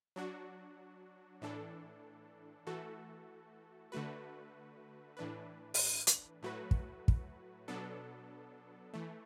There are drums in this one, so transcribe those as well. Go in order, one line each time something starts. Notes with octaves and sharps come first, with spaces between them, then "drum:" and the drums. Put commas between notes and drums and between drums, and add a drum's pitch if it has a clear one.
F#3 D4 F#4
A2 E3 D4 A4
E3 A3 F#4 A4
D3 A3 F#4 B4
A2 E3 D4 B4
drum: open hi-hat
drum: hi-hat
A2 F#3 A3 F#4 B4
drum: kick
drum: kick
B2 F#3 B3 D4 A4
E3 A3